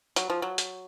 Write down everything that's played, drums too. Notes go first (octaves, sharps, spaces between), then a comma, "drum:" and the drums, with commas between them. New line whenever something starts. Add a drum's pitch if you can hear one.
F#3, drum: hi-hat
F3
F#3
drum: hi-hat